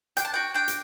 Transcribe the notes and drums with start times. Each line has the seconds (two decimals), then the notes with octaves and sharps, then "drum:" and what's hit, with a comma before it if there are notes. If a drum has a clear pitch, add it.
0.17 D4 G5, drum: hi-hat
0.25 A5
0.34 F#4 G5
0.54 D4 G5
0.68 drum: hi-hat